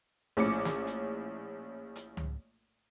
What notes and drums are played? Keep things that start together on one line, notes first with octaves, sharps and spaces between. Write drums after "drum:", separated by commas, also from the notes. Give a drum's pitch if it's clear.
A#1 A2 C#4 D6 C#7
drum: snare
drum: hi-hat
drum: hi-hat
drum: tom C#2